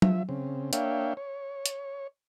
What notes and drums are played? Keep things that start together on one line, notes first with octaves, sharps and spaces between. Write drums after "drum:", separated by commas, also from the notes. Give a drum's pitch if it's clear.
F3 E5, drum: tom F#3
C#3 C4
A#3 D4 C#5 E5 F5 G5, drum: hi-hat
C#5
drum: hi-hat